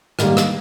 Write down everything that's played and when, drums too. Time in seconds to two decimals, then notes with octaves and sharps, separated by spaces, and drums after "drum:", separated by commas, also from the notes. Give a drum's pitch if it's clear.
0.19 G#2 D#3 G3 A#3, drum: rim click
0.37 drum: rim click